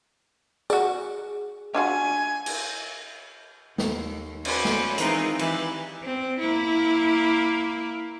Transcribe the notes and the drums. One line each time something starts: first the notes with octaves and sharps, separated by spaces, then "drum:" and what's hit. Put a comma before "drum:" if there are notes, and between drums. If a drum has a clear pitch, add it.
F#4 G#4 D5, drum: tambourine
D4 F4 F#4 G#5
drum: cymbal
D#2, drum: snare
C#4 F#4 B4 C5 D5, drum: cymbal
drum: snare
D#3 E3 G#3 C4 D#4 F4, drum: hi-hat
E3 G4 F#6 A6, drum: cymbal
C4
A#3 E4